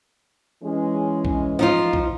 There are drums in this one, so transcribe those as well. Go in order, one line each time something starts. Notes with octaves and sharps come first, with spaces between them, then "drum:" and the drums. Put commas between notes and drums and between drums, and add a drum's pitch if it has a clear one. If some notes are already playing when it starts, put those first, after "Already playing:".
E3 G#3 C#4
drum: kick B1
F3 D#4 F4
drum: kick B1